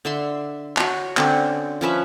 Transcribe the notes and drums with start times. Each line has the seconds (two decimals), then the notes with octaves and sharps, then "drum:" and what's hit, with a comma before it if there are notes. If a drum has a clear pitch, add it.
0.05 D3 E5 C6
0.77 F#4 C#5, drum: clap
1.17 D3 C4 C#4, drum: clap
1.81 F3 C#4 B4 E5